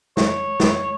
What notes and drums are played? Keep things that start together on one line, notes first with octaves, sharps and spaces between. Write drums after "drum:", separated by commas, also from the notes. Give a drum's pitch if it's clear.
C#5, drum: snare
drum: snare